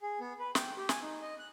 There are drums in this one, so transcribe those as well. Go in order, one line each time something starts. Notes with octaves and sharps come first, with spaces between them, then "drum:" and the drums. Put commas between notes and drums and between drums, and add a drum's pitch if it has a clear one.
G#4
B3
B4
G5, drum: snare
G4
G#5, drum: snare
D#4
D#5
F#6